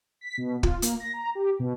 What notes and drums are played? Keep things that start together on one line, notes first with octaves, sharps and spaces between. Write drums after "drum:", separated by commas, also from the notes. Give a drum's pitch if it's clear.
B6
B2
F4, drum: kick
A#3, drum: hi-hat
A#6
A#5
G4
B2